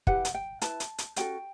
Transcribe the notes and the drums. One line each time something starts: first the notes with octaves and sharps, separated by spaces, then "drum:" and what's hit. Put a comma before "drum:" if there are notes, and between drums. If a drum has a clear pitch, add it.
E4 G4 B4 F#5, drum: kick
drum: hi-hat
G5
E4 B4 A5, drum: hi-hat
drum: hi-hat
drum: hi-hat
C#4 F#4 A4 G5, drum: hi-hat